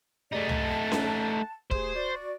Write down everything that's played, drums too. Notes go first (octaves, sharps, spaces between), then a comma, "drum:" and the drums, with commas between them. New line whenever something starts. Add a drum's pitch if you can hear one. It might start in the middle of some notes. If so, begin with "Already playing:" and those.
A3 D#4 G4 G#4 D5
F#5 A5, drum: tom
drum: snare C#4
A3 G4 G#4 C5, drum: kick
F#4 D5